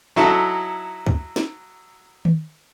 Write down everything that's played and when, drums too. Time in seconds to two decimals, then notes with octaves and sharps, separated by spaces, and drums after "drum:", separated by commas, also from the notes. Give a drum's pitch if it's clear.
0.16 F#3 D#4 E4 F#4 A4 E5
1.07 drum: kick
1.36 drum: snare
2.25 drum: tom D#3